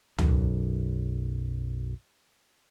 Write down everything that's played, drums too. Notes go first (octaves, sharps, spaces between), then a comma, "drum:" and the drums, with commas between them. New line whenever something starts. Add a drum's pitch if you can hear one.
B1 F#2, drum: tom C#2